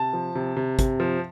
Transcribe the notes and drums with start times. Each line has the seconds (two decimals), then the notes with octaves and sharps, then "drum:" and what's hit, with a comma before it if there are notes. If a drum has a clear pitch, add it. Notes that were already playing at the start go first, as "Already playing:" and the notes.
Already playing: C3 A5
0.13 F3
0.35 C3
0.57 C3
0.79 C3, drum: kick, hi-hat
1.00 F3